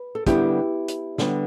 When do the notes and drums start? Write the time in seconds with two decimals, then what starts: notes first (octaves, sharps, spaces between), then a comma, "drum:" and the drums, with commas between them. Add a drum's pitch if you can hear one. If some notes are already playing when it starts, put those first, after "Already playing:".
Already playing: B4
0.15 A4
0.27 D3 G3 B3 E4 G4, drum: kick, hi-hat
0.88 drum: hi-hat
1.18 D3 G3 B3, drum: snare